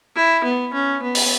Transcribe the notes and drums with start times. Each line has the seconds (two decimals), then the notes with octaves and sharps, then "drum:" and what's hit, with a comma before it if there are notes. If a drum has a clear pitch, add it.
0.16 E4
0.44 B3
0.73 C#4
1.02 B3
1.15 drum: open hi-hat